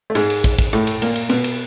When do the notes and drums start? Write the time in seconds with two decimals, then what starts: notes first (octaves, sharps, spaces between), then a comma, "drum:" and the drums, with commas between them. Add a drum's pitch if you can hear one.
0.10 A3
0.15 G#2 G#3, drum: cymbal
0.30 drum: cymbal
0.44 drum: kick, cymbal
0.59 drum: kick, cymbal
0.73 A2 A3, drum: rim click
0.87 drum: cymbal
1.02 A#2 A#3, drum: cymbal
1.16 drum: cymbal
1.29 B2 B3, drum: cymbal
1.44 drum: cymbal